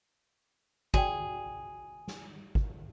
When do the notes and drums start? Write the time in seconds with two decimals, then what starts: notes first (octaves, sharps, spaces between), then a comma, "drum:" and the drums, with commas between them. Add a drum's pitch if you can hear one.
0.94 F#4 G#4 D5 G5, drum: kick
2.08 drum: snare
2.55 drum: kick